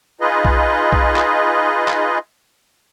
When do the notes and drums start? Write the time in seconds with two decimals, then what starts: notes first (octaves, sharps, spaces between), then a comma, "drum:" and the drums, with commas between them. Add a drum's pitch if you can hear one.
0.21 D#4 F4 G#4 B4 D#5
0.45 drum: kick B1
0.92 drum: kick B1
1.16 drum: clap
1.88 drum: clap